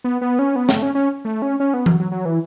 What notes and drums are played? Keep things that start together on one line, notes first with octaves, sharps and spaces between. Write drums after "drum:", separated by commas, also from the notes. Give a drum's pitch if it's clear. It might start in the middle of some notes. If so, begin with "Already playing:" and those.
B3
B3
C#4
B3
A3, drum: snare
C#4
C#4
A3
C#4
C#4
B3
F#3, drum: tom E3
F#3
F#3
E3